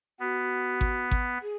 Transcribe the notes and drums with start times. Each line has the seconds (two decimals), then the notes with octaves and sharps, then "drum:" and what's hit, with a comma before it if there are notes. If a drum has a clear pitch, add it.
0.20 B3 F#4
0.81 drum: kick G#1
1.11 drum: kick G#1
1.42 G#4